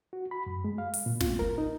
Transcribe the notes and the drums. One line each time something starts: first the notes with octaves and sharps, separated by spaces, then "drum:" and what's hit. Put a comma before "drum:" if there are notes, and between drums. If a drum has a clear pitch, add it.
F#4
B5
F#2
G#3
F5
drum: open hi-hat
A#2
F4, drum: snare
A#4
D#4